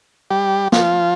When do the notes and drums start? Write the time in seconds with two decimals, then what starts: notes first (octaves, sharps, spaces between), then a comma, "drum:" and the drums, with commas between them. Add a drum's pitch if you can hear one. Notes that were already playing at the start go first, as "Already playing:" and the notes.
0.30 G3 G4
0.72 F3 F4, drum: snare